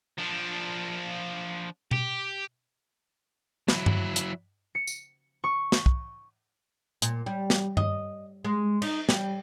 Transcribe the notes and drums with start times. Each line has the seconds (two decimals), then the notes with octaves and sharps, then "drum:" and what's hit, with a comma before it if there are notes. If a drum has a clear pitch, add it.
0.18 F3 D4
1.91 G4, drum: tom B2
3.68 F#3 E4, drum: snare
3.86 drum: tom G2
4.16 drum: hi-hat
4.75 C#7
4.87 drum: tambourine
5.44 C#6
5.72 drum: snare
5.86 drum: kick
7.02 A#2, drum: hi-hat
7.26 G3
7.50 drum: snare
7.77 D#5, drum: tom G2
8.45 G#3
8.82 D#4, drum: cymbal
9.09 G3, drum: snare